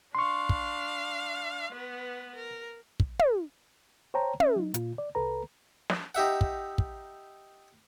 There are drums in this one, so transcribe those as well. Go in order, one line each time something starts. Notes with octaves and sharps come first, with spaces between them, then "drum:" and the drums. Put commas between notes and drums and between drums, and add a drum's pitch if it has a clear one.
D4 F5 C6 C#6
drum: kick
B3 B4
A#4
drum: kick
drum: tom
C5 C#5 G5 A5 A#5
C#4 E5, drum: tom
F#3 D#4
A#2 F4, drum: hi-hat
D5
C2 A4 B4 A#5
drum: snare
D#4 G4 E5 F#5
drum: kick
drum: kick